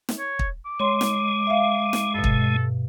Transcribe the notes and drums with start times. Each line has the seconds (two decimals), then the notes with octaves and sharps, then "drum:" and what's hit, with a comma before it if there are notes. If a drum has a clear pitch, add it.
0.09 drum: snare
0.19 C#5
0.39 drum: kick
0.66 D6
0.80 G#3 C#5 C6
1.01 drum: snare
1.47 E5 F5
1.93 drum: snare
2.14 G2 B2 A4
2.24 drum: kick